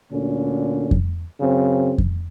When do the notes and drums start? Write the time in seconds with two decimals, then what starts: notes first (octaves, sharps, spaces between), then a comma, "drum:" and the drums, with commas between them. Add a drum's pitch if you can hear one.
0.11 D2 A#2 D3 C#4
0.91 drum: kick F2
1.40 F#2 C#3 C4
1.98 drum: kick F2